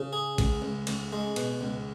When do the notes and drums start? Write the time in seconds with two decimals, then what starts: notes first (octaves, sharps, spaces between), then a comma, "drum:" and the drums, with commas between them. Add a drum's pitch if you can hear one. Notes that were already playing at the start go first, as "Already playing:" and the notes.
Already playing: C#3
0.13 G#4
0.38 C#2, drum: kick A1, cymbal
0.62 C#2
0.87 C#2, drum: cymbal
1.12 G#3
1.36 B2, drum: cymbal
1.61 C#2